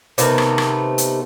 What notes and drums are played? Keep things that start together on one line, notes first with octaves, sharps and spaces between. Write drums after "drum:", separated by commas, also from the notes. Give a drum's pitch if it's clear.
C3 D#3 A3 B3, drum: hi-hat
drum: rim click
drum: rim click
drum: hi-hat